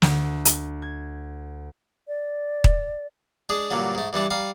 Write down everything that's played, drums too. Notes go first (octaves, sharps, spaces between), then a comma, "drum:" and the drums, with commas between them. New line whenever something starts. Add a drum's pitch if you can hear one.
D2, drum: snare
drum: hi-hat
G#6
D5
drum: kick D#1
G#3 D4 G#4
G2 A#2 D3 F#3
G#2 A3
G2 E3 G3 D4
G3 F5 A#5